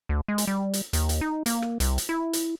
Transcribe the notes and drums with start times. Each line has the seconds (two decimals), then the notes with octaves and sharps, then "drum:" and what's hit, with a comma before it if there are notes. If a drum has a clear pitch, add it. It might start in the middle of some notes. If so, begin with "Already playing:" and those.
0.09 D2
0.28 G#3
0.38 drum: hi-hat
0.47 G3
0.73 drum: hi-hat
0.93 D#2, drum: hi-hat
1.09 drum: hi-hat
1.21 D#4
1.46 A#3, drum: hi-hat
1.62 drum: rim click
1.80 C2, drum: hi-hat
1.98 drum: hi-hat
2.09 E4
2.33 drum: hi-hat